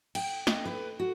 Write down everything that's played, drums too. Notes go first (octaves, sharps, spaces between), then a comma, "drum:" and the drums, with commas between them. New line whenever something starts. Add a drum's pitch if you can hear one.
G5, drum: cymbal
D#5, drum: snare
B4
F#4